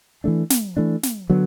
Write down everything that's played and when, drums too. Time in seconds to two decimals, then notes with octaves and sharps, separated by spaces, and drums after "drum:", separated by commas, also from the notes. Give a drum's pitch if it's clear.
0.24 E3 A3 D4
0.50 drum: snare
0.77 E3 A3 D4
1.03 drum: snare
1.30 D3 F#3 B3